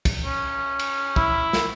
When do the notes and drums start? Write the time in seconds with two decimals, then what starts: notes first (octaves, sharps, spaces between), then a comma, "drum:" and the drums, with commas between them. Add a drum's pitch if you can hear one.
0.05 drum: kick, cymbal
0.24 C#4
0.79 drum: cymbal
1.16 E4, drum: kick
1.53 drum: snare